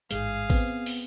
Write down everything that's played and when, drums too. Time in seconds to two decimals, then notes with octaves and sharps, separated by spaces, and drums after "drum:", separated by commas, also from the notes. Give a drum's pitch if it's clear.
0.11 A1 G#2 G#3 G#4 F5, drum: hi-hat
0.50 B3 C4, drum: kick
0.86 drum: open hi-hat